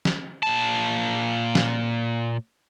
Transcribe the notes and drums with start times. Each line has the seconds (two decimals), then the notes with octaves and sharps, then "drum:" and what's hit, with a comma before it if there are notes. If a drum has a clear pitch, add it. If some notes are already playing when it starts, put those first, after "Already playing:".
0.05 drum: snare
0.43 A#2 A5
1.55 drum: snare